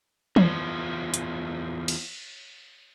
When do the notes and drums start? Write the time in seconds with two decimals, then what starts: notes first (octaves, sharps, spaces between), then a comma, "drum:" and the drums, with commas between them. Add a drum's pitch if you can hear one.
0.36 E2 F3, drum: tom
1.14 drum: hi-hat
1.88 drum: cymbal